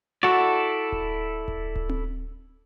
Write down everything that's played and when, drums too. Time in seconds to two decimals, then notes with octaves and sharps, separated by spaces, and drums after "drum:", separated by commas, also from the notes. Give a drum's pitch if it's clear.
0.23 E4 F#4 A4 D5
0.92 drum: kick D1
1.48 drum: kick D1
1.76 drum: kick D1
1.89 drum: tom C4